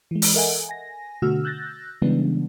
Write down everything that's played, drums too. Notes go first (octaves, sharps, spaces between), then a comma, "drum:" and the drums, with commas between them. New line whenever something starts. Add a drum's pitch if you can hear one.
E3 G#3
drum: open hi-hat
A4 A#4 D#5 E5 F#5 G#5
G#5 A#6
B2 D3 A3 F#4 E6 F6
E6 F#6 G6 A6 A#6
C#3 E3 G3 G#3 B3 D4